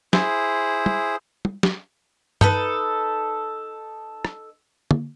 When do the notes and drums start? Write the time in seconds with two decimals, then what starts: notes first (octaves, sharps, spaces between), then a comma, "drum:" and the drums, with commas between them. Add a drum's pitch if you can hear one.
0.13 E4 G#4 C5, drum: snare
0.86 drum: tom
1.45 drum: tom
1.63 drum: snare
2.41 D#4 A4 B4, drum: tom G2
4.25 drum: rim click
4.91 drum: tom